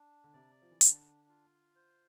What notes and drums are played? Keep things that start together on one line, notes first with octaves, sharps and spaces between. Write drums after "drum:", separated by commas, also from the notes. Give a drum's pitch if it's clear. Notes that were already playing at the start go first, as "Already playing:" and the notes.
Already playing: D4
D3
C3 D5
F3
E3
D3 D4, drum: hi-hat
F4
C5